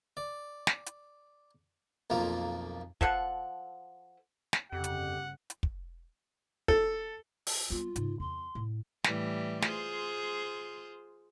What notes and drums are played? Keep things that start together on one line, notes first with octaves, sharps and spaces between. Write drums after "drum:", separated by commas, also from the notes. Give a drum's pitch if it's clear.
D5
drum: snare
drum: hi-hat
B1 F2 A#3 F4
F3 A4 F#5, drum: kick
drum: snare
G1 F2 C#3 G4 F#5
drum: hi-hat
drum: hi-hat
drum: kick
A4, drum: kick
drum: open hi-hat
G3 B3 F4
G#2 C#3, drum: hi-hat
E2 C6
A2
A2 E3 G3, drum: snare
F4 G#4 C5, drum: snare